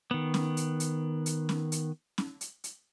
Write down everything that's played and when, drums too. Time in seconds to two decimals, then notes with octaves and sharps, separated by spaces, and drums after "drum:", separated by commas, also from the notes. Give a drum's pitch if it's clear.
0.11 D#3 B3
0.34 drum: snare C#4
0.57 drum: hi-hat
0.80 drum: hi-hat
1.26 drum: hi-hat
1.49 drum: snare C#4
1.72 drum: hi-hat
2.18 drum: snare C#4
2.41 drum: hi-hat
2.64 drum: hi-hat